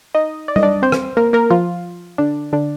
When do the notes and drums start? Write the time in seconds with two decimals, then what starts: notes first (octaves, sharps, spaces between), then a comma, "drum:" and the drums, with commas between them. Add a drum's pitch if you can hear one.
0.15 D#4 D#5
0.48 D5
0.56 D#5, drum: tom G3
0.63 D4 D5
0.82 C4 C5
0.92 drum: rim click
1.17 A#3 A#4
1.33 A#3 A#4
1.50 F3 F4
2.18 D3 D4
2.53 D3 D4